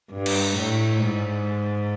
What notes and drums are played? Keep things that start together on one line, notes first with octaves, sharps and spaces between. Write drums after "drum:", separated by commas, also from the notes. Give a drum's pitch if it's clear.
G2
drum: cymbal
A2
G#2